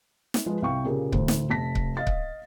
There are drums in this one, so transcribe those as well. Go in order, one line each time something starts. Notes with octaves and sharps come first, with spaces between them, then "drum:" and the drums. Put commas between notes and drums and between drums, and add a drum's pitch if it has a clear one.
drum: snare
F3 G#3 F4 B4
C2 F5 G5 C#6
A#2 C#3 A#3 G4 G#4 A#4
A1 D2 C5, drum: kick C#1
drum: snare
F1 A5 A#6 B6
drum: kick C#1
D#5 F5 A6
drum: kick C#1